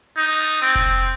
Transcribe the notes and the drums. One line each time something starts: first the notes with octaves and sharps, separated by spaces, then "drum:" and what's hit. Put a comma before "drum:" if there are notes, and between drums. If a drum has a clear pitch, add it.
D#4
C4
drum: kick F1